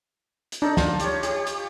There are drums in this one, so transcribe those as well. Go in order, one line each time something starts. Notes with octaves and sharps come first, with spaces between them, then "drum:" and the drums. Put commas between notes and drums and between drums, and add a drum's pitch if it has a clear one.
drum: hi-hat
D4 D#4 A4 D5
D2 F4, drum: snare
G4 C#5, drum: hi-hat
G4, drum: hi-hat
drum: hi-hat